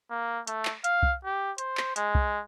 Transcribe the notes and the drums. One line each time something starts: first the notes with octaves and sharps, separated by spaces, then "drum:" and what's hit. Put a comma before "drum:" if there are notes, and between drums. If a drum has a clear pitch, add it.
A#3
A3, drum: hi-hat
drum: clap
F5, drum: hi-hat
drum: kick
G4
C5, drum: hi-hat
drum: clap
G#3, drum: hi-hat
drum: kick